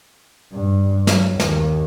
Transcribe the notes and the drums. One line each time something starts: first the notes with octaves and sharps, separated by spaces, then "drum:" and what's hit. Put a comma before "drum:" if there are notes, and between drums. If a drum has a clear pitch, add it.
G2
F#3, drum: snare
D#2, drum: snare